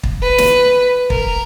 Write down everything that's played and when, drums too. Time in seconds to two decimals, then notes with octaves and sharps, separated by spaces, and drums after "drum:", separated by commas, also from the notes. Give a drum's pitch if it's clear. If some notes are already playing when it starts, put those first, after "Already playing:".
0.03 drum: kick
0.22 B4
0.38 drum: snare
1.10 A#4, drum: kick